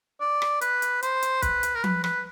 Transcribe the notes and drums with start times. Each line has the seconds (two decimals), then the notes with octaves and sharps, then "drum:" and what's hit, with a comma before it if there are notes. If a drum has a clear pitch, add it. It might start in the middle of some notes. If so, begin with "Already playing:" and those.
0.21 D5
0.42 drum: rim click
0.61 B4, drum: hi-hat
0.82 drum: hi-hat
1.03 C5, drum: hi-hat
1.22 drum: hi-hat
1.42 B4, drum: kick B1, hi-hat
1.63 drum: hi-hat
1.75 A#4
1.84 B4, drum: tom F3
2.04 B4, drum: rim click